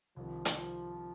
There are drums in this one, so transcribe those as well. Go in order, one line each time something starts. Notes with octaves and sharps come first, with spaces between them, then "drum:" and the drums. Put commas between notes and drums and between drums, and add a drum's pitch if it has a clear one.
C2 C3 D#3 F3
drum: hi-hat